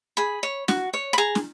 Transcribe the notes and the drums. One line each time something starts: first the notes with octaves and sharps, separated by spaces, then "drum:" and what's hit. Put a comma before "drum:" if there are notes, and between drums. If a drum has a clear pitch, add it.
G#4 B5
C#5
F#4, drum: snare
C#5
B5
G#4 A#5
drum: snare